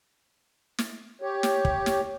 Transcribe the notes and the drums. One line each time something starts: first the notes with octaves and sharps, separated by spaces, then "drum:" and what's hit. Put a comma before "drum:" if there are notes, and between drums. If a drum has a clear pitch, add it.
drum: snare
G4 C#5
drum: snare
drum: kick
drum: snare